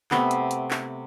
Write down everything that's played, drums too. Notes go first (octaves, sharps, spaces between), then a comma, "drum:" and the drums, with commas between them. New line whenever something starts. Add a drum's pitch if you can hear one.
C3 A3 B3, drum: clap
drum: hi-hat
drum: hi-hat
drum: clap